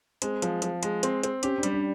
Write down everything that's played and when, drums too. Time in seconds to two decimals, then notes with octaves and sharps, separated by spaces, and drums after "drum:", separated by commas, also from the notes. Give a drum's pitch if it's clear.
0.22 G#3 C4, drum: hi-hat
0.42 F3, drum: hi-hat
0.62 F3, drum: hi-hat
0.83 G#3, drum: hi-hat
1.03 C4, drum: hi-hat
1.23 C4, drum: hi-hat
1.43 C#4 G4, drum: hi-hat
1.58 D4
1.63 G3, drum: hi-hat
1.74 D4